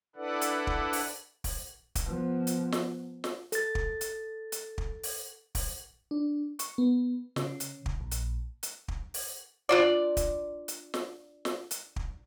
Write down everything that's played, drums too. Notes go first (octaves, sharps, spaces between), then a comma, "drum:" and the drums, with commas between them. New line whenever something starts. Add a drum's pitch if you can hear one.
D4 E4 A4 B4 D5 F#5
drum: hi-hat
drum: kick
drum: open hi-hat
drum: kick, open hi-hat
drum: kick, hi-hat
F3 B3
drum: hi-hat
drum: snare
drum: snare
A4 A6, drum: hi-hat
drum: kick
drum: hi-hat
drum: hi-hat
drum: kick
drum: open hi-hat
drum: kick, open hi-hat
D4
C#6, drum: hi-hat
B3
C#3, drum: snare
drum: hi-hat
drum: kick
A#1
drum: hi-hat
drum: hi-hat
drum: kick
drum: open hi-hat
D4 F4 D5
drum: kick, hi-hat
drum: hi-hat
drum: snare
drum: snare
drum: hi-hat
drum: kick